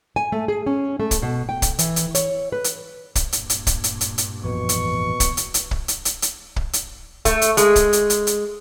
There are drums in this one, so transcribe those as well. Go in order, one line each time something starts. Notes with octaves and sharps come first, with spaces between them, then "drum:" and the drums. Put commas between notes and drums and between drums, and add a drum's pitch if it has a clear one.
G#5
A3
G#4
C#4
A3
drum: kick, hi-hat
B2
G5
drum: kick, hi-hat
E3, drum: hi-hat
drum: hi-hat
C#5, drum: hi-hat
B4
drum: hi-hat
drum: kick, hi-hat
G2 A#2, drum: hi-hat
drum: hi-hat
drum: kick, hi-hat
drum: hi-hat
drum: hi-hat
drum: hi-hat
A1 F2 B2 E3 C#6
drum: hi-hat
drum: kick, hi-hat
drum: hi-hat
drum: hi-hat
drum: kick
drum: hi-hat
drum: hi-hat
drum: hi-hat
drum: kick
drum: hi-hat
A3, drum: kick, hi-hat
drum: hi-hat
G#3, drum: hi-hat
drum: kick, hi-hat
drum: hi-hat
drum: hi-hat
drum: hi-hat